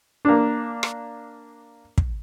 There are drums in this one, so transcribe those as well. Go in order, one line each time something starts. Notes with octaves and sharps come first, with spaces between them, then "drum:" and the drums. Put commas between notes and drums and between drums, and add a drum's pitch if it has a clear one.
A#3 D4
drum: rim click
drum: kick